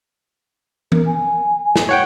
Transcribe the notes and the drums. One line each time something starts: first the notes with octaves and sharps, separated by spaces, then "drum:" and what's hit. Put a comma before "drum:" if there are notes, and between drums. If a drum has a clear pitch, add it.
A#4, drum: tom E3
G#5
drum: snare
C#5 F#5 G5